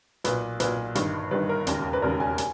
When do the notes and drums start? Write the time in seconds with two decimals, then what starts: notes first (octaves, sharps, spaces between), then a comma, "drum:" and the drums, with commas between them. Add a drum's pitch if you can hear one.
0.24 B1 A#2 B4, drum: hi-hat
0.60 B1 A#2 B4, drum: hi-hat
0.95 G1 G2 D#3, drum: hi-hat
1.31 G1 G2 D#3 B4
1.49 A#4
1.67 E1 D#2 C#3, drum: hi-hat
1.93 B4
2.02 E1 D#2 C#3 A#4
2.20 G#5
2.38 G#5, drum: hi-hat